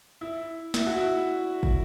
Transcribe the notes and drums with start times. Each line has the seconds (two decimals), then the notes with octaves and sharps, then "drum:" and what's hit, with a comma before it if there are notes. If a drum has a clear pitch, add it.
0.21 E4
0.74 E4, drum: snare
0.86 F#4
0.98 E4
1.63 drum: kick